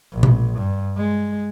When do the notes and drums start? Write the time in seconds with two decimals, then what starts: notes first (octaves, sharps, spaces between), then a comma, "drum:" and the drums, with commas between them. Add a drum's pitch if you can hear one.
0.13 A#1
0.23 drum: tom B2
0.58 G2
0.97 G#3